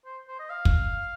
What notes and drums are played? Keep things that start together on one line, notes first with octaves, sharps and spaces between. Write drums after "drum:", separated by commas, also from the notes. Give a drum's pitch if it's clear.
C5
C5
D#5
F5
drum: kick